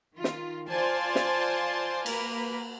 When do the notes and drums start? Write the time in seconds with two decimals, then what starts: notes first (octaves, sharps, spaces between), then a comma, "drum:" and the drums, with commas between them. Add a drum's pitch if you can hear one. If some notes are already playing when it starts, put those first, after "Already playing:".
0.15 D#3 F4
0.24 drum: snare
0.69 F4 C5 D5 F5 G#5 A5
1.15 drum: snare
2.06 A#3 A#4 B4, drum: cymbal